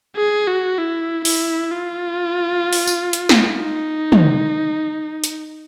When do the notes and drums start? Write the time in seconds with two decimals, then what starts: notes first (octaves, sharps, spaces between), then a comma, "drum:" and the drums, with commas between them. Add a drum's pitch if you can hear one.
0.17 G#4
0.48 F#4
0.78 E4
1.25 E4, drum: open hi-hat
1.71 F4
2.73 drum: open hi-hat
2.87 drum: tambourine
3.13 drum: hi-hat
3.29 drum: snare
3.55 D#4
4.12 drum: tom
5.24 drum: hi-hat